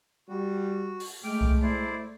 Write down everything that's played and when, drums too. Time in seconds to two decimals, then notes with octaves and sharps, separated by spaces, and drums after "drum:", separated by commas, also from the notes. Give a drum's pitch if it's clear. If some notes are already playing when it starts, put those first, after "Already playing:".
0.29 G3 F#4
1.00 drum: open hi-hat
1.24 G#3 A3 G5 D6 F6
1.41 drum: kick C2
1.62 E4 C5 D5